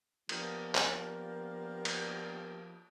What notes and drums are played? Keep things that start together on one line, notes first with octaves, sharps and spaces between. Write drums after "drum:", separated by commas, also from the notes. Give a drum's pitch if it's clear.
F3 A#3 B3 D4 G4, drum: cymbal
drum: clap
drum: cymbal